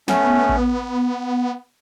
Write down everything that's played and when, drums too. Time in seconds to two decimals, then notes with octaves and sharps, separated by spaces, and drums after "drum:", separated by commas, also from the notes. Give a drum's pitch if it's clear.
0.08 A3 B3 C#4, drum: snare
0.49 drum: kick A1